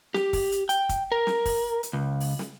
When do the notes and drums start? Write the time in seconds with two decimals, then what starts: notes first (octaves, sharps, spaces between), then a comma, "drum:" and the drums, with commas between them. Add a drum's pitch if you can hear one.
0.14 G4, drum: snare
0.33 drum: kick, open hi-hat
0.52 drum: hi-hat
0.69 G5, drum: hi-hat
0.89 drum: kick, hi-hat
1.12 A#4
1.27 drum: snare
1.45 drum: kick, open hi-hat
1.83 drum: hi-hat
1.93 C#2
2.20 drum: open hi-hat
2.39 drum: snare